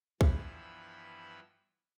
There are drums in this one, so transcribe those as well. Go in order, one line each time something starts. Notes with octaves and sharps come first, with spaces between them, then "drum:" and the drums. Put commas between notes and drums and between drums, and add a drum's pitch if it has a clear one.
G2 E3 F3 B3 B5 E6, drum: kick